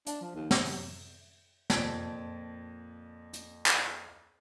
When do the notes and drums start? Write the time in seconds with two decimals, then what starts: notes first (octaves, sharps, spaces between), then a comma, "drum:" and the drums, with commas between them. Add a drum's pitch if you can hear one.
0.06 D4, drum: hi-hat
0.21 F3
0.35 D#2
0.51 C3, drum: snare
0.65 F#3, drum: open hi-hat
1.70 F2 A#2 A5 G#6 B6 D7, drum: snare
3.34 drum: hi-hat
3.66 drum: clap